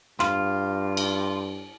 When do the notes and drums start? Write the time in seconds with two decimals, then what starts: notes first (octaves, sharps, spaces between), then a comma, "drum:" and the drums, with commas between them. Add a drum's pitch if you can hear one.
0.20 G2 F4, drum: rim click
0.97 drum: cymbal